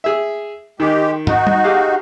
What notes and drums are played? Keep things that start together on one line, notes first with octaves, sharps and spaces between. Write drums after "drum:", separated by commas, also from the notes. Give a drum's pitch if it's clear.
G#4 E5
D#3 G#3 G4
D#4 F#4, drum: tom
drum: tom G3
G4 G#4 F5